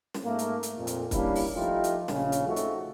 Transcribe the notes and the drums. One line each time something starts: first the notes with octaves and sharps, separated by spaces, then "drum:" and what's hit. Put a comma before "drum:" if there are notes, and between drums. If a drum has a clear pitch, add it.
drum: snare
G#2 A3 A#3
drum: hi-hat
drum: hi-hat
F2 A#2
drum: hi-hat
G3 A#3 C#4 D4 E4, drum: kick, hi-hat
drum: open hi-hat
F3 A3 D#4 F4 G4
drum: hi-hat
A#1 C#3, drum: snare
drum: hi-hat
A3 C4 D#4 F4 F#4
drum: hi-hat